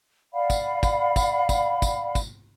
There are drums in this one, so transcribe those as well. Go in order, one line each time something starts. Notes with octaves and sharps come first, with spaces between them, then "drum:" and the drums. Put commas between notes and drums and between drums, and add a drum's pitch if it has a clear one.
D5 F5 F#5 B5
drum: kick, tambourine
drum: kick, tambourine
drum: kick, tambourine
drum: kick, tambourine
drum: kick, tambourine
drum: kick, tambourine